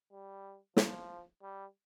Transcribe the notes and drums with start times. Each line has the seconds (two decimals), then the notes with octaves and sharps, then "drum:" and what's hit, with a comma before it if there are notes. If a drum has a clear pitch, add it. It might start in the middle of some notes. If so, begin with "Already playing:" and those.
0.12 G3
0.77 F3, drum: snare
1.42 G3